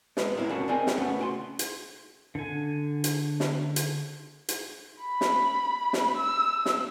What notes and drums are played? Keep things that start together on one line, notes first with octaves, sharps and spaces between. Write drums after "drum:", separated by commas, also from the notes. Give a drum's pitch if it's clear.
G#3 B3, drum: snare
C2 C3 E4 C#5 F5
C#2 A#3 C#4 F#4 A5 B5
C4 G#4 A#4 D5 D#5 G#5
drum: snare
C#3 A3 B3 C#4 F#5
F#4 G5 C6
drum: hi-hat
D3 G#5
drum: hi-hat
drum: snare
drum: hi-hat
drum: hi-hat
B5
drum: snare
drum: snare
E6
drum: snare